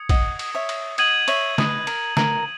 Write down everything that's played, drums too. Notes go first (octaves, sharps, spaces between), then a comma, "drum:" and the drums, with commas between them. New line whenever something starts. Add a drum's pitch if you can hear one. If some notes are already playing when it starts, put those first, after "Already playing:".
Already playing: D#6 G#6 C#7
D#5 F#5, drum: kick, cymbal
drum: cymbal
C#5 E5
drum: cymbal
D#5 F#5 G#6 D#7 F#7, drum: cymbal
C#5 E5, drum: cymbal
B4 D#5, drum: snare
A#4, drum: cymbal
A#4, drum: snare